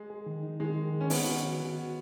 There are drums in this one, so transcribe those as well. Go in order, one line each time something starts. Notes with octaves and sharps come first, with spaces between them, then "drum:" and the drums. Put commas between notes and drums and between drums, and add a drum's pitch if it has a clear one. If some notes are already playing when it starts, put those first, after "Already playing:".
Already playing: G#3
G#4
D#3
D#4
D#3 G#3
D#3
D#3
C#4
B3 D#4, drum: open hi-hat
F#4
D#3
F#4
F#4